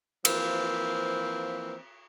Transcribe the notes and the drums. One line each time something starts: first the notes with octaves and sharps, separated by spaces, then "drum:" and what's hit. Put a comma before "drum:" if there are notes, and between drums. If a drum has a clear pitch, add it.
E3 F3 A#3 C4, drum: cymbal